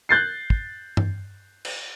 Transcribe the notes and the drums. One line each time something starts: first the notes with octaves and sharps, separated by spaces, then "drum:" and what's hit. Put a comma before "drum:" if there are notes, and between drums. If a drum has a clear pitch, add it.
F#6 G6 A6 C7
drum: kick
drum: tom G2
drum: cymbal